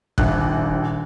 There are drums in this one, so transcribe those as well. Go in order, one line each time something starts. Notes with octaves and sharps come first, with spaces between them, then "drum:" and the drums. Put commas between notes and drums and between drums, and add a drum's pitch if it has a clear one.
D#1 A#1 F#6, drum: kick